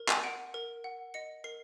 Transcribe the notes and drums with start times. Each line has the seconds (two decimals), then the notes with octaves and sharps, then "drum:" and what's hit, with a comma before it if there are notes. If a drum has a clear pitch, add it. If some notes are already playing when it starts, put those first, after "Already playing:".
Already playing: A#4
0.09 D#7, drum: clap
0.23 F#5 D7
0.54 A#4
0.84 F#5
1.14 D#5 C#7
1.44 A#4 C7